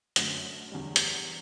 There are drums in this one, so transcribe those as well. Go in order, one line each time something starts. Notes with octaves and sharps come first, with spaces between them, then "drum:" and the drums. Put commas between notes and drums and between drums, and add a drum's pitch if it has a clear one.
F#2 D3 A3 C#4, drum: hi-hat
E2 D3 G3
drum: hi-hat